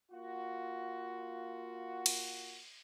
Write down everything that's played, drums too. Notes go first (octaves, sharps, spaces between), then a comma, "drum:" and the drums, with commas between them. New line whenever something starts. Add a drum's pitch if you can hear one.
A#3 F4 F#4
drum: cymbal